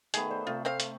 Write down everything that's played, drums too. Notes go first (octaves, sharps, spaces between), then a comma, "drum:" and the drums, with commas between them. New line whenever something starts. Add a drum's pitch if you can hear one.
D#3 A3 B3 G#4, drum: hi-hat
C5 D5
C3 A3 F4
C4 C5 F5
drum: hi-hat